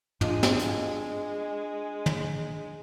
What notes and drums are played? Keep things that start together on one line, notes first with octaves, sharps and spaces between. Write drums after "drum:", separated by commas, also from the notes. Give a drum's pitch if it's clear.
G#3 D4 F4 D#5, drum: tom
drum: snare
drum: hi-hat
drum: tom